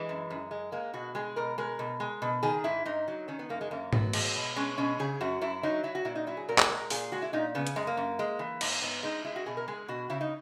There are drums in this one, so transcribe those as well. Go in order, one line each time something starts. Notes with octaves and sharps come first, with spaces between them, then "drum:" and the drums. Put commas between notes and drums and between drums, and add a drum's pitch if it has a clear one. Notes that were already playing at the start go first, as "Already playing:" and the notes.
Already playing: E3 G#3
F#2
F#2
G#3
G#3 A#3
B2 F#4
G#3 G#4
B2 A#4
G#3 A#4
B2
G#3
B2
D#3 G#4
G#2 E4
G#2 D#4
F#3
D#3 C#4
B3
F#2 A#3
G#3
F#2 A#3
F#3 B3, drum: tom G#2
G#3, drum: cymbal
B2
G#3 C#4
B2 C#4
C#3 G#4
F#2 F#4
F#2 E4
F#3 D#4
F#3 E4
F#4
A#2 E4
D#4
F#3 E4
G#4
A#2 A#4
G#4, drum: clap
G#3 A#4
A#2 G#4, drum: open hi-hat
G#3 F#4
E4
A#2 D#4
C#3 B3
drum: hi-hat
F#2 G#3
A#3
F#2
G#3
E3
G#2, drum: cymbal
G#2 B3
G#3 D#4
G#3 E4
F#4
B2 G#4
A#4
G#3 G#4
B2 F#4
C#3 E4
D#4